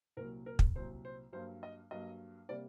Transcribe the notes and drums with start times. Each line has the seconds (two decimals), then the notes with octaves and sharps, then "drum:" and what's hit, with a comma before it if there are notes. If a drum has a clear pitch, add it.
0.17 C2 A#2 F#3 A#4
0.46 A#4
0.59 drum: kick
0.76 C2 A#2 F#3 C5
1.05 C5
1.33 G2 F#3 A#3 C5
1.63 D#5
1.91 G2 F#3 A#3 D#5
2.49 C3 G3 A#3 D5